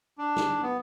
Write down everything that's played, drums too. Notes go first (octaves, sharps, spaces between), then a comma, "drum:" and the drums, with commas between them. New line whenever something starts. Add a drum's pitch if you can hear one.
D4
drum: snare
B3